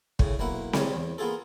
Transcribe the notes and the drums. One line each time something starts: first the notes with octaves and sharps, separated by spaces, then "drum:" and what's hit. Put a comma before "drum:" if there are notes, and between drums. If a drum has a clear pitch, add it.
A2 C#3, drum: kick
B1 A#3 E4 F#5
G3 G#3 C#4 D#4 C#5, drum: snare C4
E2
A#3 B3 F4 G#4 A4